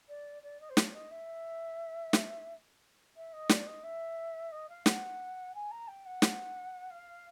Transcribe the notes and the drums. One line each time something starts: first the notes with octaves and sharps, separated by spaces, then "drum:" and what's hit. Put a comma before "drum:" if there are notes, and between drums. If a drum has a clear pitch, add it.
D5
D5
D#5
C5
C#5, drum: snare
D#5
E5
drum: snare
E5
D#5
D5, drum: snare
D#5
E5
D#5
F5
F#5, drum: snare
G#5
A#5
G5
F#5
drum: snare
F5